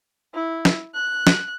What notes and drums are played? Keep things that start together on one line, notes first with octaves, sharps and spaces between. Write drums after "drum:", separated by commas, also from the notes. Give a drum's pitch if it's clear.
E4
drum: snare
F#6
drum: snare